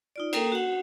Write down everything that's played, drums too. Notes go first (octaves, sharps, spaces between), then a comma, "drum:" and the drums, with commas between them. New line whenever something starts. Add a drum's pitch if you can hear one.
D#4 F4 D5
A#3 A4 A#4 G5 A#5 D#6, drum: cymbal
F#4 F#5